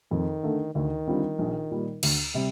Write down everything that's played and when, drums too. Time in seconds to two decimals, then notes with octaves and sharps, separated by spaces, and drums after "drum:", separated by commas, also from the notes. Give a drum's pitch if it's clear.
0.11 F2 D#3
0.43 D3 A3
0.75 D2 D#3
1.07 D3 G3 C4 F4
1.39 A#1
1.71 A#2 G3
2.03 D2, drum: cymbal
2.34 C3 G3